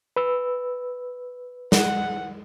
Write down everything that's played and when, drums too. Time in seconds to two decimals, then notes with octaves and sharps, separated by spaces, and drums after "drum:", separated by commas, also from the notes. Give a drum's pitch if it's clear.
0.16 B4 E6
1.72 F#5, drum: snare